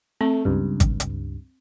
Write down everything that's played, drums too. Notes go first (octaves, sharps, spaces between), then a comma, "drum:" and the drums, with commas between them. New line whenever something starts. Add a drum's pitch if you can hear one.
A3 C4
C#2 G2
drum: kick G#1, hi-hat
drum: hi-hat